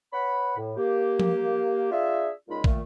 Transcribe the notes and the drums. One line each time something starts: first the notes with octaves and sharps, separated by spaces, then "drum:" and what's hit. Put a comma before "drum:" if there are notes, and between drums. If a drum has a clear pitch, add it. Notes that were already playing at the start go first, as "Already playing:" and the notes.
B4 C#5 F#5 B5
A2
A#3 G4
drum: tom F3
D4 F4 G#4 E5
C#2 A#2 G#3 D#4 F4 B5
A#2 D#3 A3, drum: kick